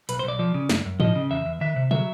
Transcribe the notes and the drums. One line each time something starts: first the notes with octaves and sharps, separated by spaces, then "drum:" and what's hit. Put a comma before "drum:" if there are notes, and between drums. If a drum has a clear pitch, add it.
B1 B4, drum: hi-hat
C5
B1 D5
F3 D5
C#3
F#2, drum: snare
F#2
F3 D#5, drum: tom G#2
C#3
E2 E5
E2
D#3 E5
C3
F#3 E5, drum: tom